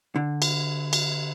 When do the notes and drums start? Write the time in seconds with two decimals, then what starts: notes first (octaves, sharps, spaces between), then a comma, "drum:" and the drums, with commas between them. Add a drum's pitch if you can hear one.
0.16 D3
0.42 drum: cymbal
0.93 drum: cymbal